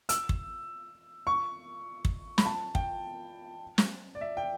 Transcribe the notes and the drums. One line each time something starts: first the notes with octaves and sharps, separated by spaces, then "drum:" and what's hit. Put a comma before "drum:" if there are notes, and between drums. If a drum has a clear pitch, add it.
E6, drum: hi-hat
drum: kick
C#6
drum: kick
B5, drum: snare
A5
G5, drum: kick
drum: snare
D5
E5
G5